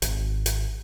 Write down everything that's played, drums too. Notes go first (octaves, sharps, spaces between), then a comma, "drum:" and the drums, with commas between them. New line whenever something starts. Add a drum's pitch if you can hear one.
G#1, drum: hi-hat
drum: hi-hat